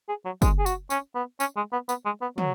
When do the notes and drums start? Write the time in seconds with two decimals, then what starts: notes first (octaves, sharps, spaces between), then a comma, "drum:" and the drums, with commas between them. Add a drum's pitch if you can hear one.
0.09 G#4
0.25 F#3
0.42 G#3, drum: kick, tambourine
0.59 G#4
0.66 F#4, drum: tambourine
0.90 C#4, drum: tambourine
1.15 B3
1.40 C#4, drum: tambourine
1.57 G#3
1.72 B3
1.89 B3, drum: tambourine
2.06 G#3
2.22 B3
2.38 F#3, drum: tom